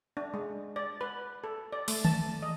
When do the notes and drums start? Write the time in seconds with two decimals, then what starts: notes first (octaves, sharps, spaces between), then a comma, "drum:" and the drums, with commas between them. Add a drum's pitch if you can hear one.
0.17 D4
0.34 G#3
0.76 D5
1.01 B4
1.44 A4
1.73 D5
1.88 A3, drum: open hi-hat
2.05 A5, drum: tom D#3
2.42 D#5